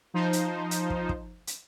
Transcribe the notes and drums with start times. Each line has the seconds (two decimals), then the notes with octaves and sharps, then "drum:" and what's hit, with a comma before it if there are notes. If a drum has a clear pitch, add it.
0.14 F3 D#4 C5
0.33 drum: hi-hat
0.71 drum: hi-hat
0.90 drum: kick
1.09 drum: kick
1.47 drum: hi-hat